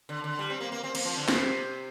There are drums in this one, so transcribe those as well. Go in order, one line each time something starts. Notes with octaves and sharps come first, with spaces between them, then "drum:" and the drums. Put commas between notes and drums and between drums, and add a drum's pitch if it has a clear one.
D3
D3
G3
C4
A#3
A#3
C4
A#3, drum: cymbal
F3
D3
C3, drum: snare